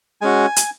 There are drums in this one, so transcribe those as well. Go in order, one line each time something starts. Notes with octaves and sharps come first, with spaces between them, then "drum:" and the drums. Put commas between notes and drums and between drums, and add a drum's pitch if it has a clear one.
G#3 C#4 F#4 G#5
drum: hi-hat